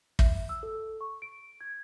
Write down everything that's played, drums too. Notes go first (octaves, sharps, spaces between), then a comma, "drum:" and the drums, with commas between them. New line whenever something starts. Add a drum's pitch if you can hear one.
E5, drum: kick
E6
A4
C#6
D7
G#6